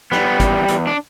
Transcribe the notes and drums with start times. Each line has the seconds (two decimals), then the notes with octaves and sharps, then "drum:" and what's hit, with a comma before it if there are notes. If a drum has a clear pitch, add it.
0.12 G3 B3, drum: snare
0.40 E2, drum: kick G1, hi-hat
0.68 E2, drum: hi-hat
0.87 D4